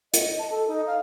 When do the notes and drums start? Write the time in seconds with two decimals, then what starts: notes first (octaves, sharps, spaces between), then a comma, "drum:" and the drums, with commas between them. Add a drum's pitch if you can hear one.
0.14 D#5, drum: hi-hat
0.39 A5
0.51 A4
0.68 D#4
0.87 F5